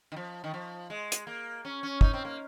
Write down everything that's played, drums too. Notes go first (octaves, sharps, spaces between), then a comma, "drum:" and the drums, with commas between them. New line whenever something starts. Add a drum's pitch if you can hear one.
D#3
F3
D#3
F3
G#3
drum: hi-hat
A#3
C#4
C#4
D#4, drum: kick
C4
A#3